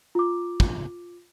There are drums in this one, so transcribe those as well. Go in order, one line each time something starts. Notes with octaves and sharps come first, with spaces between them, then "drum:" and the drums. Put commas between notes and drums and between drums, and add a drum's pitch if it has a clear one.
F4 D6
drum: kick